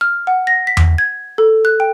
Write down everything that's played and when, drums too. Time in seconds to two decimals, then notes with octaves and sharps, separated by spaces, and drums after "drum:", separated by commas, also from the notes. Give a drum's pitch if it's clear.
0.01 F6
0.27 F#5
0.47 A#6
0.67 B6
0.77 drum: tom E2
0.98 G#6
1.38 A4
1.65 F#6
1.80 G5